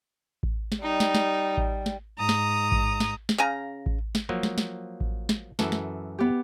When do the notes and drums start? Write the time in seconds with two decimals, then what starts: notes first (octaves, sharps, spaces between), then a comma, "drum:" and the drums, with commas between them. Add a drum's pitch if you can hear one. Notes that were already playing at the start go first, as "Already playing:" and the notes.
0.43 drum: kick A1
0.72 drum: snare
0.83 G3 D#4
1.00 drum: snare
1.15 drum: snare
1.57 drum: kick A1
1.86 drum: snare
2.19 G#2 A#5 D#6
2.29 drum: snare
2.72 drum: kick A1
3.00 drum: snare
3.29 drum: snare
3.38 C#3 F5 G#5 A#5
3.86 drum: kick A1
4.15 drum: snare
4.29 F3 F#3 A#3
4.43 drum: snare
4.58 drum: snare
5.01 drum: kick A1
5.29 drum: snare
5.59 F#2 E3 A4, drum: snare
5.72 drum: snare
6.19 B3 G4